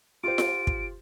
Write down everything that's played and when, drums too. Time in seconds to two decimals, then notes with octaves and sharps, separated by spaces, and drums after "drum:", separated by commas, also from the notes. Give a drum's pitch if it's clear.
0.24 F4 G4 C5 D7
0.38 drum: snare F4
0.67 drum: kick